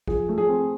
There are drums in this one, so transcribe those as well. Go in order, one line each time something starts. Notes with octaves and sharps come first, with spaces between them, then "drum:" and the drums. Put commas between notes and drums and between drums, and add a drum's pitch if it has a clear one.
F3 G#4, drum: kick G#1
A3
G#4
C4